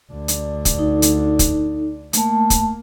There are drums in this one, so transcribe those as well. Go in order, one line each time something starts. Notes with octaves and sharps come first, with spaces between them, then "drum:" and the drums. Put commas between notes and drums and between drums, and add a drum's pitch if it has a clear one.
D2 D4
drum: hi-hat
drum: kick, hi-hat
D#4 A4
drum: hi-hat
drum: kick, hi-hat
A3 A#3 A5, drum: hi-hat
drum: kick, hi-hat